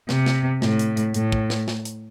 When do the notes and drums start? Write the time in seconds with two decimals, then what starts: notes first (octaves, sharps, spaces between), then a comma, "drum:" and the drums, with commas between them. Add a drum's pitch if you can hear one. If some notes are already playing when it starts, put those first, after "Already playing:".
0.09 C3, drum: snare
0.26 drum: snare
0.62 A2, drum: snare
0.79 drum: hi-hat
0.97 drum: hi-hat
1.14 A2, drum: hi-hat
1.32 drum: kick
1.50 drum: snare
1.68 drum: snare
1.85 drum: hi-hat